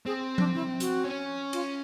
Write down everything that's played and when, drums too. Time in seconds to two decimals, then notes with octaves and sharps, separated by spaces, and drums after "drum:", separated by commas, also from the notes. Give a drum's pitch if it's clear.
0.06 C4 G#4
0.38 D4, drum: tom F3
0.55 E4
0.80 F#4, drum: hi-hat
1.04 C#4
1.53 F4, drum: cymbal